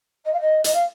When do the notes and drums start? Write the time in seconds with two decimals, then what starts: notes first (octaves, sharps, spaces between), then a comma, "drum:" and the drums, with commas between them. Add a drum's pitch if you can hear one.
0.25 D#5
0.33 F5
0.40 D#5
0.64 D#5, drum: hi-hat
0.73 F5